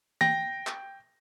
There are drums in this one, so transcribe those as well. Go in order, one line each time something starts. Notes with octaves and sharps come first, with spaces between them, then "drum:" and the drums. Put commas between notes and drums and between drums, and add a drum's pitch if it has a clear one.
G5 A#6, drum: tom E3
drum: clap